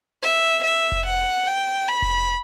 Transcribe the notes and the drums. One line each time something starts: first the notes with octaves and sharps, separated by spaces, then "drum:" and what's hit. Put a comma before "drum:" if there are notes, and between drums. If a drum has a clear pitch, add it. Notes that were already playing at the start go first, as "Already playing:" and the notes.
E5
E5
drum: kick F1
F#5
G5
B5
drum: kick F1